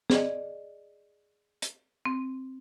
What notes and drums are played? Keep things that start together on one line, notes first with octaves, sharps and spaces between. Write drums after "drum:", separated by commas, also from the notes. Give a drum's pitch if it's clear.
G#4 D5 D#5, drum: snare
drum: hi-hat
C4